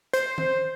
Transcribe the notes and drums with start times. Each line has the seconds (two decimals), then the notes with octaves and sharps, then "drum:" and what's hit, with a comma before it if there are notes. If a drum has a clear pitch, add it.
0.13 C5, drum: hi-hat
0.38 drum: tom D#3